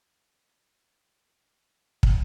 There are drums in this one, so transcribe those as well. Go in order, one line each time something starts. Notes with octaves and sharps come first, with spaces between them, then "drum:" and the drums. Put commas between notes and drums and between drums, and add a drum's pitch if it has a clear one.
D#1 G#1 A3
drum: kick